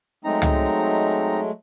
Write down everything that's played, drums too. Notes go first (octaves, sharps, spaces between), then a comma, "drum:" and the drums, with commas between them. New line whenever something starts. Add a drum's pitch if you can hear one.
F#3 G#3 A3 C4 D#4 A#5
drum: tom